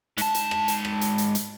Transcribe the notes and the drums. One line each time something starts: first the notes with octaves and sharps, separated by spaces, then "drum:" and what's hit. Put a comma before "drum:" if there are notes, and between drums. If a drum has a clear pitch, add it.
G#2 A5, drum: hi-hat
drum: hi-hat
drum: rim click
drum: hi-hat
drum: rim click
drum: hi-hat
drum: hi-hat
drum: hi-hat